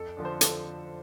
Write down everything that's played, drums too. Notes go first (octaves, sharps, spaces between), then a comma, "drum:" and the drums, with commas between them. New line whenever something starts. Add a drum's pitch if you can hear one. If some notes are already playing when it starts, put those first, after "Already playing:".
Already playing: F2 A4
D3 F3 D4
C5
A4, drum: hi-hat